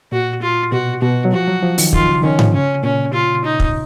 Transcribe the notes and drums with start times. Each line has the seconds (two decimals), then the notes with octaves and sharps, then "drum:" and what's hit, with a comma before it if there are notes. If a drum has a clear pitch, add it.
0.12 A#2 F#4
0.42 F4
0.72 B2 F#4
1.02 B2 F#4
1.25 F#3
1.32 F3 F#4
1.48 F#3
1.63 F3
1.78 D#3, drum: open hi-hat
1.93 D#3 F4, drum: kick
2.08 C#3
2.23 D#3 C#4
2.39 F3, drum: tom G#2
2.54 C#3 C#4
2.83 A#2 C#4
3.14 F4
3.44 D#4
3.60 drum: kick